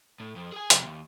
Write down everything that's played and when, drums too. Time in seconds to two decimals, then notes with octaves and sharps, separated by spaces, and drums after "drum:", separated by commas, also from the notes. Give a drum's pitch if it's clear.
0.20 A2
0.36 F2
0.52 G#4 G#5
0.70 F2 C3, drum: hi-hat
0.84 D#2